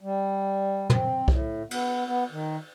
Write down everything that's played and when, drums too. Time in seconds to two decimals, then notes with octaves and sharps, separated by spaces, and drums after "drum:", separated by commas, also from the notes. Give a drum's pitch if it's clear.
0.01 G3
0.90 C4, drum: tom
1.28 A2, drum: kick C2
1.71 B3, drum: cymbal
2.07 B3
2.32 D#3